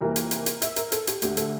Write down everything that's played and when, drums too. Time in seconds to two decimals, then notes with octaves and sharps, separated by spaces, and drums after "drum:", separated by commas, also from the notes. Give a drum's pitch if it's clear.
0.01 F2 C3 E3 G3 A#3 A#4
0.16 drum: hi-hat
0.31 drum: hi-hat
0.46 drum: hi-hat
0.62 E5, drum: hi-hat
0.76 A#4, drum: hi-hat
0.92 A4, drum: hi-hat
1.07 G4, drum: hi-hat
1.22 D2 D3 A3 G4, drum: hi-hat
1.37 A4, drum: hi-hat